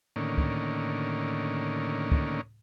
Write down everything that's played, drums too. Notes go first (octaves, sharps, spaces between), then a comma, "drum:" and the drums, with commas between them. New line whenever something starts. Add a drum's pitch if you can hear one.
A2 D3 D#3 A#3 C#4
drum: kick C#2
drum: kick C#2